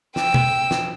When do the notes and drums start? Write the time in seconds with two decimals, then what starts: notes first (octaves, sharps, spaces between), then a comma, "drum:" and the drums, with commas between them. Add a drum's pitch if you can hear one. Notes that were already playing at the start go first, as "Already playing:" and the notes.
0.16 G5 E6, drum: snare
0.34 drum: tom B2
0.71 drum: snare